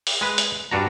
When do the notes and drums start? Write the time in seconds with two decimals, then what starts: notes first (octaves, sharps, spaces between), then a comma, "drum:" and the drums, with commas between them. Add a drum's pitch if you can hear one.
0.07 drum: open hi-hat
0.21 G#3 B4
0.38 drum: hi-hat
0.71 G2 D4 F#4 A#5